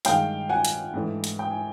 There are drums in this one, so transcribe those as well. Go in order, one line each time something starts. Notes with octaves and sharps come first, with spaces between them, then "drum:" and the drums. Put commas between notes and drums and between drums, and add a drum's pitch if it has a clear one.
G2 D#3 G#3 F5 G5, drum: hi-hat
F#5 G#5
drum: hi-hat
G#2 E3 A3 D4
drum: hi-hat
G5
G#5